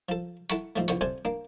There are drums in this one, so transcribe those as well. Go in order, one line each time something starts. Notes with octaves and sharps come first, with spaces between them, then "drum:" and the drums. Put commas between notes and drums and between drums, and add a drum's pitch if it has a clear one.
F3 A4
E4 A4 F#5 B5 C#6, drum: hi-hat
G#2 F3 A3
E2 D3 F3 C#6, drum: hi-hat
C3 A4 C5 D5 G#5
A#3 D4